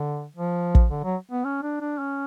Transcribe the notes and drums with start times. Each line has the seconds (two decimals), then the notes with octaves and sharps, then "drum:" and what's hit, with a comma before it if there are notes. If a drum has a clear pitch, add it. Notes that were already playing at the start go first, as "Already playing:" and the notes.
Already playing: D3
0.36 F3
0.75 drum: kick
0.91 D3
1.04 F#3
1.31 B3
1.44 C#4
1.62 D4
1.80 D4
1.99 C#4